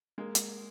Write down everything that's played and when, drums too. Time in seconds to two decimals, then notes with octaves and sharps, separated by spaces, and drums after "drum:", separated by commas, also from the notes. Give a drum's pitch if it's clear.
0.18 G#3 A#3
0.35 drum: hi-hat